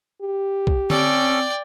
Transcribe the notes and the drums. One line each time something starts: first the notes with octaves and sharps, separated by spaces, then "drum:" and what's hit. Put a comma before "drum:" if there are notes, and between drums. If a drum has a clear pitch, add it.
G4
drum: kick B1
C4 C#4 A4 D5 G5, drum: tom D3